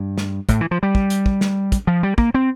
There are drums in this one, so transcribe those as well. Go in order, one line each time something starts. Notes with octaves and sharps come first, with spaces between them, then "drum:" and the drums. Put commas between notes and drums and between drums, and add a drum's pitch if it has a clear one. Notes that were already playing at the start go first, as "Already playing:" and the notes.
Already playing: G2
drum: snare
A2, drum: kick, hi-hat
E3
F3
G3
drum: kick
drum: hi-hat
drum: kick
drum: snare
drum: kick, hi-hat
F3
G3
A#3, drum: kick
C4